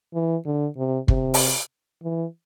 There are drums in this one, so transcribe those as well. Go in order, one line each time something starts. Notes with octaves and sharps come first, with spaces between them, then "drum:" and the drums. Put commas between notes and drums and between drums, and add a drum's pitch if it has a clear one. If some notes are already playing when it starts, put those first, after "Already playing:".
E3
D3
C3
C3, drum: kick
drum: open hi-hat
E3